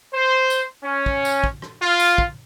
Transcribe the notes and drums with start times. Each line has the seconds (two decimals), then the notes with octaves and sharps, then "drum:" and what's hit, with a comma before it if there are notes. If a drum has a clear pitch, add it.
0.13 C5
0.50 drum: tambourine
0.83 C#4
1.06 drum: kick
1.25 drum: tambourine
1.44 drum: kick
1.62 drum: rim click
1.81 F4
2.00 drum: tambourine
2.18 drum: kick